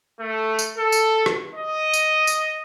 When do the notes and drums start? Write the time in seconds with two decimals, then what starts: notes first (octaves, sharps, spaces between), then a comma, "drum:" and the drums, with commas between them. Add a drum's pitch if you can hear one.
0.18 A3
0.59 drum: tambourine
0.75 A4
0.92 drum: tambourine
1.26 drum: rim click
1.55 D#5
1.94 drum: tambourine
2.27 drum: tambourine